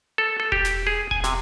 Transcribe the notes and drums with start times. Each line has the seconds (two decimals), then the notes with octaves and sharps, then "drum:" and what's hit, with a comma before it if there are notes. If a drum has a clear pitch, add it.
0.18 A4
0.40 A4
0.52 G4, drum: kick E1
0.65 drum: snare
0.87 G#4
1.11 G#5, drum: kick E1
1.24 C3, drum: snare